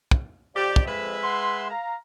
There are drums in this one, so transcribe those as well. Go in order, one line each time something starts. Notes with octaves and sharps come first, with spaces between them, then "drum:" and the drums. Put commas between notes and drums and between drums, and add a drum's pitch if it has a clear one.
drum: kick
F2 G4 D5
drum: kick
G#3 B4 E5
F#5 C6
F5 A#5